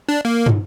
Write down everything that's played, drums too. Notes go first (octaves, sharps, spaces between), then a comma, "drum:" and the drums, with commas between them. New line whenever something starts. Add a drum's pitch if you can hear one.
D4
A#3
drum: tom